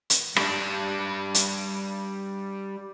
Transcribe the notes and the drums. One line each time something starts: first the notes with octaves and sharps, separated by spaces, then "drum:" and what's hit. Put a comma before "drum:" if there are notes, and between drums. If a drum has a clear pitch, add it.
drum: hi-hat
G3 D4, drum: rim click
drum: hi-hat